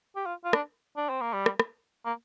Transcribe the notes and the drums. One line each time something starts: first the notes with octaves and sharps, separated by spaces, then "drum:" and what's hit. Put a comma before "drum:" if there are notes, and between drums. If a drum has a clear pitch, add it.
G4
F4
F4
D4, drum: rim click
D4
C4
A#3
G3
drum: rim click
drum: rim click
A#3